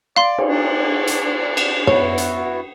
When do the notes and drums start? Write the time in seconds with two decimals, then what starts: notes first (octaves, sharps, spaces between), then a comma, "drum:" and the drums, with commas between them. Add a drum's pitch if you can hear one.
0.16 D5 F5 C6
0.38 drum: cymbal
0.48 D4
1.07 drum: hi-hat
1.57 drum: cymbal
1.87 B3 E4 F#4 C#5, drum: tom
2.18 drum: hi-hat